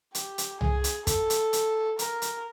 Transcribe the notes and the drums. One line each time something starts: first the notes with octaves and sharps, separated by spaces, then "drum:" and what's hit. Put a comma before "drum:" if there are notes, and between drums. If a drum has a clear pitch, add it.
G4, drum: hi-hat
drum: hi-hat
G#4, drum: tom C2
drum: hi-hat
A4, drum: kick, hi-hat
drum: hi-hat
drum: hi-hat
A#4, drum: hi-hat
drum: hi-hat